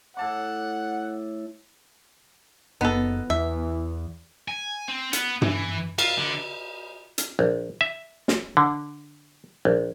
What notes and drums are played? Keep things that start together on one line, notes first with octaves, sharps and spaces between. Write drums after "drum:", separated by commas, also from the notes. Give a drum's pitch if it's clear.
A2 F#5 A5 D6
F#1 B3 D#4 A4
E2 E3 E5
G#5
C4
B3, drum: hi-hat
E3, drum: tom
F4, drum: cymbal
D3
drum: hi-hat
A#1
E5
drum: snare
D3
A#1